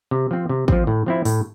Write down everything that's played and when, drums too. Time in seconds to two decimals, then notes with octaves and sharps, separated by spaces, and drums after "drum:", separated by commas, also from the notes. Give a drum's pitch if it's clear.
0.11 C3
0.31 F3 C4
0.49 C3
0.68 F3 C4, drum: kick
0.87 A2
1.06 F3 C4 E4
1.25 A2, drum: open hi-hat